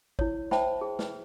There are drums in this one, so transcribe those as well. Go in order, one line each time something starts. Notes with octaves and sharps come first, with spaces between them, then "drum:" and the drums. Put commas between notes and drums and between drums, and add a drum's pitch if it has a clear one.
E4 C#5, drum: kick G#1
C5 E5 G5 A5 B5, drum: snare
G#4
B4, drum: snare